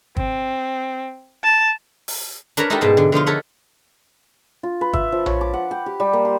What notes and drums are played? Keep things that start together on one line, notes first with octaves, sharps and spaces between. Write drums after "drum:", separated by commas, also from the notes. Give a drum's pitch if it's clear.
C4, drum: kick
A5
drum: open hi-hat
D4 A#4 B4 C#5 A#5, drum: hi-hat
D#4 E4 F#4 G4 A4 A#4
G#2 B2 G3 A5
D3
D3 F3 D#4 F4
A4 A#4 C#5 F#5 B5
F4
B4
E5, drum: kick
F3
C#5, drum: tom A#1
D6
F#5
G5
G4
G3
A#3
C6